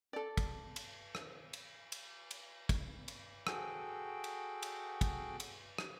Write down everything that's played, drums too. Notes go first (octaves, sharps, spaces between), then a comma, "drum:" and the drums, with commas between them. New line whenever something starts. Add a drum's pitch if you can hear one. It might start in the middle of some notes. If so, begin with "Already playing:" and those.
A4 D5
drum: kick, cymbal
drum: cymbal
drum: rim click
drum: cymbal
drum: cymbal
drum: cymbal
drum: kick, cymbal
drum: cymbal
F#4 G#4 A4 G5, drum: rim click
drum: cymbal
drum: cymbal
drum: kick, cymbal
drum: cymbal
drum: rim click